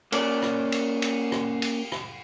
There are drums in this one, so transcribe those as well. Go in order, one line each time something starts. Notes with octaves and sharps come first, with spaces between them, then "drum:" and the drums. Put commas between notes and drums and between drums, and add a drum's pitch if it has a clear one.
A#3 C#4 D5, drum: cymbal
drum: rim click
drum: cymbal
drum: cymbal
drum: rim click
drum: cymbal
drum: rim click